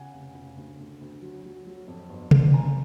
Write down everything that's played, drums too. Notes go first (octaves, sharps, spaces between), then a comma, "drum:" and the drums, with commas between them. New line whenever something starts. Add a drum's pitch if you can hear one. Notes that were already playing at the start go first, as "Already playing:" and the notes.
Already playing: C#3 F#5 G#5
F1
C#3
D2
D2
D2
F#3
F#3
F#3
F2
G1
G1, drum: tom C3
C#3 G#5 A#5